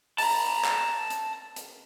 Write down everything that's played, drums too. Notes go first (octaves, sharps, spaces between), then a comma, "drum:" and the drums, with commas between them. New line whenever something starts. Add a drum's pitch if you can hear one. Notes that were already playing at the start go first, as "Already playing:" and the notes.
A5 A#5, drum: open hi-hat
drum: clap
drum: hi-hat
drum: hi-hat